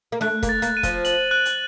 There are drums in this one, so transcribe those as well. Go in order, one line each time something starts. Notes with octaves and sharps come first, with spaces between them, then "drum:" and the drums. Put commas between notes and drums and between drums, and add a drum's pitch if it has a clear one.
A#3
A3 F#6, drum: snare D4
A#3, drum: kick, hi-hat
A6
A#3, drum: hi-hat
D#7
F3, drum: kick, hi-hat
F#7, drum: hi-hat
F#6
drum: hi-hat